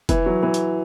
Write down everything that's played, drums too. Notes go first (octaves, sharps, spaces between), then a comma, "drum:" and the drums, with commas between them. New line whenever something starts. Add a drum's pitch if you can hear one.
E3, drum: kick F1, hi-hat
F#3
E3
drum: hi-hat